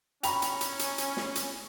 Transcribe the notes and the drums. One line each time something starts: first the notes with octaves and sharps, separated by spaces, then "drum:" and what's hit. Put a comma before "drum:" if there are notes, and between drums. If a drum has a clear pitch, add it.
C#4 G5 A#5 B5 C#6 F7, drum: hi-hat
drum: hi-hat
drum: hi-hat
drum: hi-hat
drum: hi-hat
drum: snare
drum: hi-hat